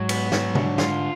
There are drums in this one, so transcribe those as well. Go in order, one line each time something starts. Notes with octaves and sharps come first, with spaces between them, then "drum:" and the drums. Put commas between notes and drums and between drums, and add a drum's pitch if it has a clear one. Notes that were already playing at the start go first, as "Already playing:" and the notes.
Already playing: G#2 F#3
B3, drum: cymbal
F#3, drum: snare
D3, drum: tom C3
F4, drum: snare